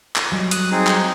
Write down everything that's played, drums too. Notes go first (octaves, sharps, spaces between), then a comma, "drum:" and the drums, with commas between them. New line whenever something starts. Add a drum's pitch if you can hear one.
drum: clap
F#3 G3 D#5
D#6 F#6, drum: hi-hat
C4 D#4 G#4
drum: clap